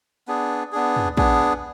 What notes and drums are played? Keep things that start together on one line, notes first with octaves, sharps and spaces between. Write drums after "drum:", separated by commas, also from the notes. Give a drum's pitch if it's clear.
B3 D4 G#4
B3 D4 G#4
drum: tom
B3 D4 G#4, drum: kick A#1